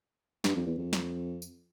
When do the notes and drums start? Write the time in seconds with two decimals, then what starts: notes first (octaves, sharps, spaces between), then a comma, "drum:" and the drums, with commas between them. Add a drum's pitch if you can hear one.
0.44 G2, drum: snare
0.56 F2
0.66 E2
0.78 F2
0.93 drum: snare
1.42 drum: tambourine